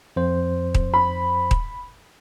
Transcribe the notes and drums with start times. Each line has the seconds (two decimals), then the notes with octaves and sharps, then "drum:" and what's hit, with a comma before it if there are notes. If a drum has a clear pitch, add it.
0.16 F2 C5
0.75 drum: kick D#1
0.94 B5
1.51 drum: kick D#1